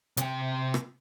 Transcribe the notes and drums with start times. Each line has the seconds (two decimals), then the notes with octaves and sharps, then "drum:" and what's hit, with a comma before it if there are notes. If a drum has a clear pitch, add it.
0.17 C3 G5, drum: hi-hat
0.74 drum: rim click